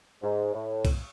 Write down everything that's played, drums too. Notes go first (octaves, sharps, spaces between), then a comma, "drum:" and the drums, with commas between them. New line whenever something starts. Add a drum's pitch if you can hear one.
G#2
A2
drum: kick B1, cymbal